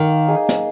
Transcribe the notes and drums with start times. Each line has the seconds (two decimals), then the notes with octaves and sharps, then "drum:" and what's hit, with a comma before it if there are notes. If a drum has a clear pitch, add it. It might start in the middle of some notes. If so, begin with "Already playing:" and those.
Already playing: D#3 A#3
0.27 D#4 G#4 D#5
0.49 drum: snare